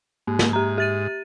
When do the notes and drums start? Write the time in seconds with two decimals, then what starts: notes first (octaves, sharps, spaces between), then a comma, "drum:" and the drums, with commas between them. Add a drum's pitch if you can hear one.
0.27 G#2 A#3
0.39 drum: snare
0.53 G4 A#5
0.78 G4 A6 D#7